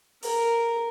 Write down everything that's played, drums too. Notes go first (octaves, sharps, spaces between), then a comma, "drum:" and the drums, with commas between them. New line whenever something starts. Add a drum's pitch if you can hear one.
A#4, drum: open hi-hat